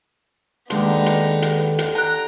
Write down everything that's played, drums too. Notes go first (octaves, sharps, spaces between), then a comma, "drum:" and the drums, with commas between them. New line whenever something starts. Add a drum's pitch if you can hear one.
D#2 D3 G#3 B3 D#4 G4 C6, drum: hi-hat
drum: hi-hat
drum: hi-hat
drum: hi-hat
G5 A#5 F#6